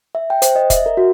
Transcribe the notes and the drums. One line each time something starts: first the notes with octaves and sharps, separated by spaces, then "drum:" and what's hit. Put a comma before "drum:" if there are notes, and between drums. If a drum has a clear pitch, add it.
E5
G5
C5, drum: hi-hat
D#5
E5, drum: kick, hi-hat
A#4
F#4